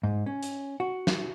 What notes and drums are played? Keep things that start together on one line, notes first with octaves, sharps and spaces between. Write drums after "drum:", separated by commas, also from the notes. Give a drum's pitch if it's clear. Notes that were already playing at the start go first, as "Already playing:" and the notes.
G#2
C#4
drum: hi-hat
F#4
drum: snare